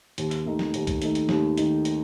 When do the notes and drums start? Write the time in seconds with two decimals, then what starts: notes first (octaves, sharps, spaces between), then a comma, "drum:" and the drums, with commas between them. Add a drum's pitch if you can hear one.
0.18 D#2, drum: hi-hat
0.31 drum: hi-hat
0.46 D#3 A3 D#4
0.59 drum: snare
0.74 D#2, drum: hi-hat
0.87 drum: kick, hi-hat
1.02 D#3 A3 D#4, drum: hi-hat
1.15 drum: hi-hat
1.29 D#2, drum: snare
1.58 D#3 A3 D#4, drum: hi-hat
1.85 drum: hi-hat